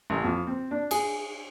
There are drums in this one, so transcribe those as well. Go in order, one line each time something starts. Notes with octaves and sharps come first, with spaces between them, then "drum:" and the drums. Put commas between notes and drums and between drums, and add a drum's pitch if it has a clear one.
A1
F2
C4
D4
G#4, drum: cymbal